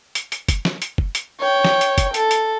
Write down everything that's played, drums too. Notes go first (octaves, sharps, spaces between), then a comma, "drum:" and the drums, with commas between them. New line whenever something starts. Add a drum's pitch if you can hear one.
drum: hi-hat
drum: hi-hat
drum: kick, hi-hat
drum: snare
drum: hi-hat
drum: kick
drum: hi-hat
C#5 G5
drum: snare
drum: hi-hat
drum: kick, hi-hat
A4, drum: hi-hat
drum: hi-hat